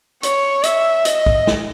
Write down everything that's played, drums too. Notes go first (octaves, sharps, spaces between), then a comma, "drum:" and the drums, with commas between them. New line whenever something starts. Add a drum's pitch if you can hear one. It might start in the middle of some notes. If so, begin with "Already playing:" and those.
C#5, drum: hi-hat
E5, drum: hi-hat
D#5, drum: hi-hat
drum: kick B1
drum: snare